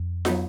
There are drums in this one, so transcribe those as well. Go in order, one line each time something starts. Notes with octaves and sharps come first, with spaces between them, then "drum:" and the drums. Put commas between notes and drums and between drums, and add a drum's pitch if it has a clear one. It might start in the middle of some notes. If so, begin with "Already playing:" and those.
Already playing: F2
F#3 B3 D#4 F#4, drum: snare F4